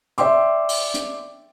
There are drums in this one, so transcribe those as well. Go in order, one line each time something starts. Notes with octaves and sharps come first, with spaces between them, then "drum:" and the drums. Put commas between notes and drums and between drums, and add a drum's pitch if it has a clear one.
D5 E5 G5 C6 D6, drum: hi-hat
drum: open hi-hat
drum: hi-hat